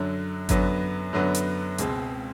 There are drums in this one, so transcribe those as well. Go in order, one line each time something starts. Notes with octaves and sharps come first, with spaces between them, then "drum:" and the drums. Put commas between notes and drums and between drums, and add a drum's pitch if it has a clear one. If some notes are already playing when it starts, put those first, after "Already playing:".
Already playing: F#2 D3 F#3
F#2 D3 F#3 B3, drum: kick G#1, hi-hat
F#2 D3 F#3 B3
drum: hi-hat
C#2 B2 G#3 C4, drum: hi-hat